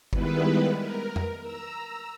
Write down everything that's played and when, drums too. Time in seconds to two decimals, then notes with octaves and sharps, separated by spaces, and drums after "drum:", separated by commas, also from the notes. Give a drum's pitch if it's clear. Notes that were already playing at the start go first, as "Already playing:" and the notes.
0.13 D#3 G3 G#3 B3 E4 B4, drum: kick G1
0.79 A#4
1.16 drum: tom F2
1.42 A#5 E6